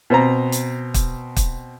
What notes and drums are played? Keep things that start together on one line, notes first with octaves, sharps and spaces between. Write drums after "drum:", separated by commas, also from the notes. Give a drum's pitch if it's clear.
B2 C4 A#5
drum: hi-hat
drum: kick, hi-hat
drum: kick, hi-hat